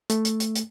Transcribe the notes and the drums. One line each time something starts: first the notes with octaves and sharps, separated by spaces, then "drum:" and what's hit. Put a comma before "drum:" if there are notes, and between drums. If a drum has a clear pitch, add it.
A3, drum: hi-hat
drum: hi-hat
drum: hi-hat
drum: hi-hat